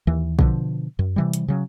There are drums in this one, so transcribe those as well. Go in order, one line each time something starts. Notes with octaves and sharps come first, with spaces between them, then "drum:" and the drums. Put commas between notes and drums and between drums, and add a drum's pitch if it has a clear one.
D#2 E3
B2 D3 F3, drum: kick
F#2
C3 E3 G3
drum: hi-hat
C#3 F#3